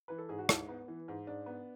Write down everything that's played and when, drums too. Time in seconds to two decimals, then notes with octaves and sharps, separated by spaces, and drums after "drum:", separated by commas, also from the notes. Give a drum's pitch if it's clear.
0.08 E3 B4
0.18 A4
0.29 G#2 G#4
0.39 F#4
0.49 G#2 E4, drum: rim click
0.69 B3
0.88 E3
1.08 G#2
1.27 G#2 D4
1.46 B3